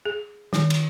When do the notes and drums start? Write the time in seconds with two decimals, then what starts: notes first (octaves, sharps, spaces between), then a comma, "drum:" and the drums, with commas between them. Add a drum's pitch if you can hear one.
0.06 G#4
0.53 D#3, drum: snare
0.70 drum: cymbal